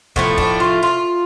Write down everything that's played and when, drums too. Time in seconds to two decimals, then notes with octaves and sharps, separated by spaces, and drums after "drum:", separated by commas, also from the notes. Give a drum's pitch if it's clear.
0.16 A2 F3 A3 B3, drum: kick
0.38 D4, drum: kick
0.60 F4
0.83 F4